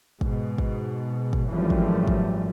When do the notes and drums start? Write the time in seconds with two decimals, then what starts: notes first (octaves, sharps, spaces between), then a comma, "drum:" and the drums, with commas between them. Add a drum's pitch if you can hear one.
0.21 G#2 B2, drum: kick
0.58 drum: kick
1.33 drum: kick
1.52 G#1 F#2 E3 F3 G3 A3
1.70 drum: kick
2.08 drum: kick